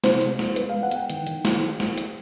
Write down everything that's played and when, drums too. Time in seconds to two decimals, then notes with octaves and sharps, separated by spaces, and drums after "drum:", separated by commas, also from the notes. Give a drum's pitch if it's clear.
0.04 C3 C5, drum: snare
0.21 G#3, drum: hi-hat
0.39 G#3, drum: snare
0.56 B3 B4, drum: hi-hat
0.69 G#3 F5
0.83 F#5
0.91 B3 G5, drum: hi-hat
1.10 D#3, drum: hi-hat
1.27 D#3, drum: hi-hat
1.45 drum: snare
1.80 drum: snare
1.98 drum: hi-hat